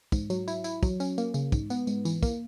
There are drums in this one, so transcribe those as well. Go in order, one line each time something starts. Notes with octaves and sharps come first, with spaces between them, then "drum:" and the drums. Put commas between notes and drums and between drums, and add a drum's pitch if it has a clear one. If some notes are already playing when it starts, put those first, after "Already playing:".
G#2, drum: kick, tambourine
F#3, drum: tambourine
E4, drum: tambourine
E4, drum: tambourine
F#3, drum: kick, tambourine
C#4, drum: tambourine
A#3, drum: tambourine
C#3, drum: tambourine
G#2, drum: kick, tambourine
B3, drum: tambourine
G#2, drum: tambourine
E3, drum: tambourine
A#3, drum: kick, tambourine